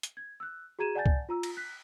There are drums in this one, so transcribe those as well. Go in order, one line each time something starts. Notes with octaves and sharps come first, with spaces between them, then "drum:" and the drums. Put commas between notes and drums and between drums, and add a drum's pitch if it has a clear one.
drum: hi-hat
G#6
E6 F#6
F#4 G#4 A#5 G#6 D#7 E7
D5 F#5 G#5 A5 G6 A6
drum: kick C2
F4 A#5 E6
drum: cymbal
F#6 B6